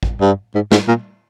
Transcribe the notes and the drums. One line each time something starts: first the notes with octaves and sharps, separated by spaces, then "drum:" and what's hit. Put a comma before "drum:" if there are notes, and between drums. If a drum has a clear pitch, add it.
drum: kick A1
G2
G#2
G#2, drum: snare
A#2